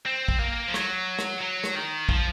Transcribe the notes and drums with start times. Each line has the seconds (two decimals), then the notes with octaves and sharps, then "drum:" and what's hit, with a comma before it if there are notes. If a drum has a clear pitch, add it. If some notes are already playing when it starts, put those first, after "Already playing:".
0.06 C4
0.28 drum: kick
0.39 A#3
0.68 F3
0.74 F#3, drum: rim click
1.19 drum: rim click
1.40 F#3
1.64 drum: rim click
1.75 D#3
2.09 F3, drum: kick